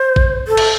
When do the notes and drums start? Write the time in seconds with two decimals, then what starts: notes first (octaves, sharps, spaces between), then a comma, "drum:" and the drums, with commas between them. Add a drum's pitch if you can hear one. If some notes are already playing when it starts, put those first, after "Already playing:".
Already playing: C5
0.16 drum: kick A1
0.48 A4
0.57 drum: cymbal